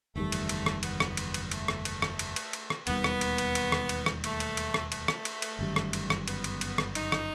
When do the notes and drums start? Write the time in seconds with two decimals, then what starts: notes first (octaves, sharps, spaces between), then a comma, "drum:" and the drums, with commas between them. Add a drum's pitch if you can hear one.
0.16 F#1 E2 D#3 G3 A3
0.32 drum: cymbal
0.49 drum: cymbal
0.66 drum: rim click
0.83 B3, drum: cymbal
1.00 drum: rim click
1.17 drum: cymbal
1.34 drum: cymbal
1.52 A3, drum: cymbal
1.68 drum: rim click
1.85 drum: cymbal
2.02 drum: rim click
2.19 drum: cymbal
2.36 drum: cymbal
2.53 drum: cymbal
2.70 drum: rim click
2.87 E1 D#2 D#3 G3 B3, drum: cymbal
3.04 drum: rim click
3.21 drum: cymbal
3.38 drum: cymbal
3.55 drum: cymbal
3.72 drum: rim click
3.89 drum: cymbal
4.06 drum: rim click
4.24 A3, drum: cymbal
4.40 drum: cymbal
4.57 drum: cymbal
4.74 drum: rim click
4.92 A3, drum: cymbal
5.08 drum: rim click
5.25 drum: cymbal
5.42 drum: cymbal
5.59 G1 F#2 D#3 G3
5.76 drum: rim click
5.93 drum: cymbal
6.10 drum: rim click
6.28 B3, drum: cymbal
6.44 drum: cymbal
6.61 drum: cymbal
6.78 drum: rim click
6.95 D#4, drum: cymbal
7.12 drum: rim click